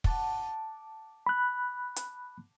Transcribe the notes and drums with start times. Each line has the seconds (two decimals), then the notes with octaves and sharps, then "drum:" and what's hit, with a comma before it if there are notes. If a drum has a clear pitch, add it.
0.04 F#5 A5 D6, drum: kick
1.27 B5 F#6
1.96 drum: hi-hat